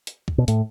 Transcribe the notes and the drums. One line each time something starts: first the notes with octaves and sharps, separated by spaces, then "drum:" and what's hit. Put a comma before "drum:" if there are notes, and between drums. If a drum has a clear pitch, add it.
drum: hi-hat
drum: kick C#2
B2
A2, drum: hi-hat